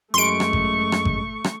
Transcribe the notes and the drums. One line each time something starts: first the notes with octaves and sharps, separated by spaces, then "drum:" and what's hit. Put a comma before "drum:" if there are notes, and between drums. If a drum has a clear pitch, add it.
F#2 G#3 A3 C6 C#6 D7
drum: rim click
drum: kick G#1
drum: rim click
drum: kick G#1
drum: rim click